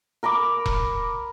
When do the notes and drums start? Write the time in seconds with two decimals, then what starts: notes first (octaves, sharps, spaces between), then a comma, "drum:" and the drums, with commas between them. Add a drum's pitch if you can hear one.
0.23 A#4 A#5 B5 D6
0.66 drum: kick E1